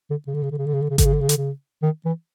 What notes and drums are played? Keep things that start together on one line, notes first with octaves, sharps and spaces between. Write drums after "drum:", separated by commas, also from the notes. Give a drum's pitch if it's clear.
D3
C#3
D3
C#3
D3
C#3
D3
C#3
D3
C#3
D3, drum: kick G#1, hi-hat
C#3
D3
C#3
D3, drum: hi-hat
C#3
D#3
E3